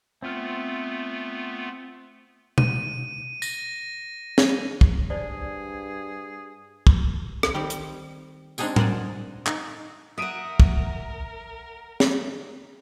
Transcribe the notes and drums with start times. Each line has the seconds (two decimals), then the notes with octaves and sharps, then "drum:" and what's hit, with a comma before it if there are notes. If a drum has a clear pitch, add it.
0.23 A3 B3 C4 F4 F6
2.58 D#7, drum: tom B2
3.42 A#6, drum: tambourine
4.38 drum: snare
4.81 drum: kick
5.10 G2 D#4 G#4 C5 D5
6.87 drum: kick
7.43 drum: rim click
7.54 D#3 G3 C4 G4
7.70 drum: hi-hat
8.58 G#3 C4 D4 D#4 G#4 G5, drum: tambourine
8.76 A#4 C5 D5 F#5 G#5, drum: tom A2
9.46 D#4, drum: clap
10.18 A#4 E5 F#5 D#6 D7 D#7
10.60 drum: kick
12.00 drum: snare